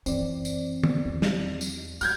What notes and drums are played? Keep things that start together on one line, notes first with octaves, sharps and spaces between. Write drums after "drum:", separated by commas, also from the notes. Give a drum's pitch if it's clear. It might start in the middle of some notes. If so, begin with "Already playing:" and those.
F#2 E3 C4 D5, drum: tambourine
drum: tambourine
drum: tom
E2
drum: snare
drum: tambourine
F3 F6 G6 G#6, drum: tambourine